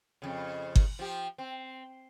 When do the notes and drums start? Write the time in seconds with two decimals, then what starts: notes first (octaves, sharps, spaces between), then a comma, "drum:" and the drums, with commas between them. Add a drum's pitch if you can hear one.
0.22 F2 C#3
0.76 drum: kick G1
0.99 F3 G4
1.38 C4